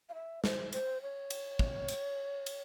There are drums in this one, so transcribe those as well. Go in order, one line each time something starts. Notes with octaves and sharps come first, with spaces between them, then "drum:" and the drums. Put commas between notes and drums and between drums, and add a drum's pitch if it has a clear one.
F5
E5
C5, drum: snare
C5, drum: cymbal
C#5
drum: cymbal
drum: kick
drum: cymbal
drum: cymbal